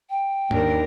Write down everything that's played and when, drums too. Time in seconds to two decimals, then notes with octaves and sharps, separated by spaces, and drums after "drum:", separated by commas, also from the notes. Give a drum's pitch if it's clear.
0.10 G5
0.51 D#2 D4 A#4, drum: tom G#2